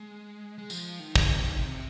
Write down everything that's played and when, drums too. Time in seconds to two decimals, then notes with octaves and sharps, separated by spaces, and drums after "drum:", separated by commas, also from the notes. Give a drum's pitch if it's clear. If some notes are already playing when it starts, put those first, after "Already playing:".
Already playing: G#3
0.58 G#3
0.70 F3, drum: tambourine
1.00 D#3
1.16 drum: kick
1.31 C3
1.44 D#3
1.57 C3